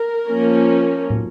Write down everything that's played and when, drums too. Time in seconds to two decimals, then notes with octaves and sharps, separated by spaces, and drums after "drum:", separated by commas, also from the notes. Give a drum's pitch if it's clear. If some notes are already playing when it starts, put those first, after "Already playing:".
Already playing: A#4
0.27 F3 A#3 C#4
1.10 drum: tom